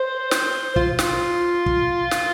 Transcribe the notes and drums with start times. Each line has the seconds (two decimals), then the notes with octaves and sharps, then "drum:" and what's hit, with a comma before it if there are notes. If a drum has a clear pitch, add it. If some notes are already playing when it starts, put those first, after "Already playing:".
Already playing: C5
0.31 C5, drum: snare
0.76 F4, drum: kick
0.99 drum: snare
1.66 drum: kick
2.11 drum: snare